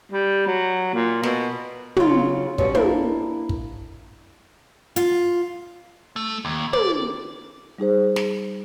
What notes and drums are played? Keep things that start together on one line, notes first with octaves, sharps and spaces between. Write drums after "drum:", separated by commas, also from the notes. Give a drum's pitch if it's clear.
G3
F#3
A#2
B2, drum: snare
C#3 F#3 F4, drum: tom
B2 F#3 G3 C#4, drum: kick
A#3 D4 E4, drum: tom
drum: kick
F4, drum: hi-hat
A3
D#2
D5, drum: tom
G3 D#4 G#4 C5
drum: snare